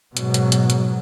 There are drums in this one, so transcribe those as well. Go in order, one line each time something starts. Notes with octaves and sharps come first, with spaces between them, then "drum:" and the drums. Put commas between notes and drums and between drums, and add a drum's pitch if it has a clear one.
G#2 B2 F#3, drum: hi-hat
drum: hi-hat
drum: hi-hat
drum: hi-hat